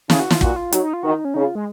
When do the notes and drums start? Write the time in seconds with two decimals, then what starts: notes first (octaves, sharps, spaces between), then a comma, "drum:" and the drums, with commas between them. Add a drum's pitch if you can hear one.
0.10 C#3 G#4, drum: snare
0.20 F#4
0.30 F4, drum: snare
0.41 A#2 F#4, drum: kick
0.56 F4
0.72 F#3 D#4, drum: hi-hat
0.83 D#4
0.93 F4
1.03 D#3 F#4
1.14 D#4
1.25 C#4
1.34 C#3 D#4
1.44 F4
1.55 G#3